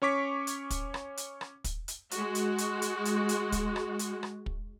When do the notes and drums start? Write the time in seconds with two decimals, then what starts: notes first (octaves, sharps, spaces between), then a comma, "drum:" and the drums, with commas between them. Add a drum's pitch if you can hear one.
0.02 C#4 C#5 C#6 D6 B6
0.47 drum: hi-hat
0.70 drum: kick, hi-hat
0.94 drum: rim click
1.17 drum: hi-hat
1.41 drum: rim click
1.64 drum: kick, hi-hat
1.88 drum: hi-hat
2.11 G#3 F#4, drum: hi-hat
2.35 drum: hi-hat
2.58 drum: hi-hat
2.82 drum: hi-hat
3.05 drum: hi-hat
3.29 drum: hi-hat
3.52 drum: kick, hi-hat
3.76 drum: rim click
3.99 drum: hi-hat
4.23 drum: rim click
4.46 drum: kick